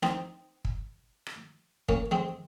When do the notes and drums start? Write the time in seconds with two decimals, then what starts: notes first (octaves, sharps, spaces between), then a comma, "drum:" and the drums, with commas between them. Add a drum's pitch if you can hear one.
0.03 C4 D#4, drum: rim click
0.65 drum: kick
1.26 drum: rim click
1.89 A#3 C#4, drum: kick
2.11 G#3 C4